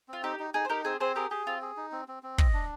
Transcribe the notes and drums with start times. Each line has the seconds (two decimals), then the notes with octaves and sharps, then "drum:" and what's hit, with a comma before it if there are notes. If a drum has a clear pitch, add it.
0.08 C4 F4
0.23 D#4 G4
0.39 D#4
0.54 D#4 G#4
0.65 C5
0.69 D#4 G4 A#4
0.85 C4 G#4 C5
1.00 C4 G#4 C5
1.16 G4 G#4 A#4
1.31 G4 G#4
1.47 C4 F4
1.62 G#4
1.77 D#4
1.92 C4
2.08 C4
2.23 C4
2.38 D#5, drum: kick
2.54 D4